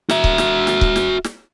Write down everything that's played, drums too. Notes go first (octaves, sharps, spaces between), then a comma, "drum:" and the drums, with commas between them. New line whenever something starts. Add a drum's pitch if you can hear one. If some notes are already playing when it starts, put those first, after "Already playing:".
F#4 E5, drum: snare
drum: kick C#1
drum: snare
drum: snare
drum: kick C#1
drum: snare
drum: snare